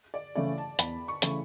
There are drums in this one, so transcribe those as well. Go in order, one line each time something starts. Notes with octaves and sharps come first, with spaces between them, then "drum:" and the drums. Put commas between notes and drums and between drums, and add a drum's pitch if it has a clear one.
D5
C#3 E3 A3 E4 D5
A5
E2 B5, drum: hi-hat
C#6
C#3 E3 A3 E4, drum: hi-hat